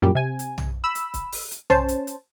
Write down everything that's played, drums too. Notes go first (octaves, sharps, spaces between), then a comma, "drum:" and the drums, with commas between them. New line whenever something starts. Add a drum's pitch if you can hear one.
F#2 A#2 G3
C3 G#5
drum: hi-hat
drum: tom
B5 E6
drum: hi-hat
drum: kick, hi-hat
drum: open hi-hat
drum: hi-hat
C#4 C5 A5, drum: tom
drum: hi-hat
drum: hi-hat